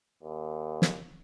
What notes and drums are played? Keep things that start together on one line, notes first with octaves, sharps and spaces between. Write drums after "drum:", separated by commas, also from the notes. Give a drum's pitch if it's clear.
D#2
drum: snare